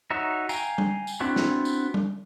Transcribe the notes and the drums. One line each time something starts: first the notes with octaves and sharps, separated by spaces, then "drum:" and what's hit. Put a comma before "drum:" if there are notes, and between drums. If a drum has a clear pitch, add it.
D#4 F#4 C#5 E5
F5 G5 G#5 A#5, drum: tambourine
drum: tom G3
drum: tambourine
B3 C4 D4 E4 F#4
drum: snare
drum: tambourine
drum: tom G3